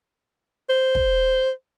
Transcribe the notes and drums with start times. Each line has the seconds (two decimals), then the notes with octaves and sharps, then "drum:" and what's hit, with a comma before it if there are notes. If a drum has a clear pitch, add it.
0.69 C5
0.95 drum: kick